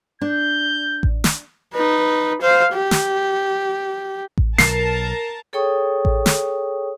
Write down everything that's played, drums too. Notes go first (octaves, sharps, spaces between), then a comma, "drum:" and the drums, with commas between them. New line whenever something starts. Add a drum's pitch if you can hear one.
D4 G6
drum: kick A1
drum: snare
D#4 B4
C5 F5
G4
drum: snare
drum: kick A1
B1 A#4 A5 C7, drum: snare
G#4 A4 C#5 G5 C#6 D#6
drum: kick A1
drum: snare